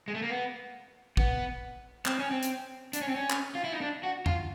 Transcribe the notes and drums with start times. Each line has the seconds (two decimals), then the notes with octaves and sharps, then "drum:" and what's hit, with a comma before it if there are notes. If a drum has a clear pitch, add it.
0.08 G#3
0.15 A3
0.22 A#3
0.30 B3
1.17 B3, drum: kick
2.06 C4, drum: clap
2.19 C#4
2.31 C4
2.43 drum: hi-hat
2.93 D4, drum: hi-hat
3.01 C#4
3.08 C4
3.15 C#4
3.30 drum: clap
3.55 F4
3.64 E4
3.72 D#4
3.81 D4
4.03 F#4
4.26 F4, drum: tom E2